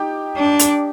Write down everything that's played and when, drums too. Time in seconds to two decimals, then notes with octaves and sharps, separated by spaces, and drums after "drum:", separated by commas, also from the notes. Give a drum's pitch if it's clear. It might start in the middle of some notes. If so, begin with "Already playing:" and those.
Already playing: D#4 G4
0.37 D4
0.59 drum: hi-hat